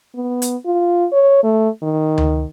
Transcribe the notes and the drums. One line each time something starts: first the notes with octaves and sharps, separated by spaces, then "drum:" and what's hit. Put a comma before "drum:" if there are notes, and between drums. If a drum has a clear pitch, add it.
B3
drum: hi-hat
F4
C#5
A3
D#3
drum: tom D2